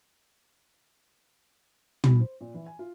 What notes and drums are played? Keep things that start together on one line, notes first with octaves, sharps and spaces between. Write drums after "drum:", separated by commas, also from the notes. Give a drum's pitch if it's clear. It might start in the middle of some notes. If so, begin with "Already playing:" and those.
B5, drum: tom
C5
A#2
E3
G#5
F4